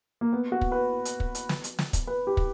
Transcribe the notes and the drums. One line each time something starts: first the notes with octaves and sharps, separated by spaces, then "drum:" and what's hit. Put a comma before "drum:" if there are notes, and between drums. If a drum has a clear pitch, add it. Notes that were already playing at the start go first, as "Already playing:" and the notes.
A#3
B3
F#4
drum: kick
B4
drum: hi-hat
drum: kick
drum: hi-hat
drum: snare
drum: hi-hat
drum: snare
drum: kick, hi-hat
B4
G4
drum: kick